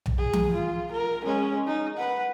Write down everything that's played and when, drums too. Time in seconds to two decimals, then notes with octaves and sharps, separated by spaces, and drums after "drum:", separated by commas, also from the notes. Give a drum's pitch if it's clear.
0.06 drum: tom B1
0.17 G#4
0.33 drum: tom E3
0.54 F4
0.92 A#4
1.25 G#3 C#4
1.67 D#4
1.97 B4 F#5